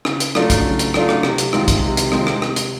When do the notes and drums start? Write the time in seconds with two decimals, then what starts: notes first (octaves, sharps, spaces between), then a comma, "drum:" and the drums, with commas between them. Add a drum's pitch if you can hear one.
0.05 C#3, drum: rim click
0.20 drum: hi-hat
0.35 F#3 A3 D4 F4, drum: rim click
0.50 drum: kick, hi-hat
0.65 C#3
0.79 drum: hi-hat
0.94 F#3 A3 D4 F4, drum: rim click
1.09 drum: rim click
1.23 C3, drum: rim click
1.38 drum: hi-hat
1.53 D#3 G#3 C4 F4, drum: rim click
1.68 drum: kick, hi-hat
1.83 C3
1.97 drum: hi-hat
2.12 D#3 G#3 C4 F4, drum: rim click
2.27 drum: rim click
2.42 C3, drum: rim click
2.56 drum: hi-hat